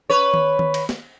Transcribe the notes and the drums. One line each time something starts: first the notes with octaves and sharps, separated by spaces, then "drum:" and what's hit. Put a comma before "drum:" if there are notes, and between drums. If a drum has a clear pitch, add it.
B4 C#5
drum: tom D#3
drum: tom D#3
drum: cymbal
drum: snare